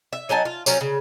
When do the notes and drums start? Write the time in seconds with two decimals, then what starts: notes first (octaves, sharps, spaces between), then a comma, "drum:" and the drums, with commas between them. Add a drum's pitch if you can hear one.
0.13 E5
0.29 F#3 D#4 G#5 A5
0.45 F4
0.66 F3 F#3 C#4, drum: tambourine
0.81 C#3